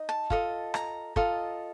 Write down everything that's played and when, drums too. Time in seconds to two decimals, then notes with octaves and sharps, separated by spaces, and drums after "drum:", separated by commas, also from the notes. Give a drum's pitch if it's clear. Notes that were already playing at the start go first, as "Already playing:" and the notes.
Already playing: D#4 D#5
0.09 A5
0.30 F4 A4 D#5, drum: kick
0.74 A#5, drum: rim click
1.16 F4 A4 D#5, drum: kick